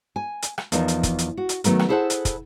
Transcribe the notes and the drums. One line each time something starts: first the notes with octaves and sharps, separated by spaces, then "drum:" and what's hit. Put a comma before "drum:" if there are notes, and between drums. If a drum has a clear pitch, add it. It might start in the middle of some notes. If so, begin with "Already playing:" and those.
G#5
drum: hi-hat
drum: rim click
E2 F3 D#4 A#4, drum: hi-hat
drum: hi-hat
drum: kick, hi-hat
drum: hi-hat
F#4
drum: hi-hat
D#3 F#3 A3 B3 A#4, drum: hi-hat
drum: rim click
E4 G#4 A4 C5 E5 F#5
drum: hi-hat
drum: kick, hi-hat